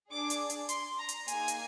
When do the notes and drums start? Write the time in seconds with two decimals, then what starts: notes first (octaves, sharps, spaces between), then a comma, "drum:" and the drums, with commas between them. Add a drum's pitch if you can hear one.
0.10 D4 G#4 D6
0.30 drum: hi-hat
0.50 drum: hi-hat
0.69 C6, drum: hi-hat
0.99 A#5
1.09 drum: hi-hat
1.28 A#3 D#4 G#4 G#5, drum: hi-hat
1.48 drum: hi-hat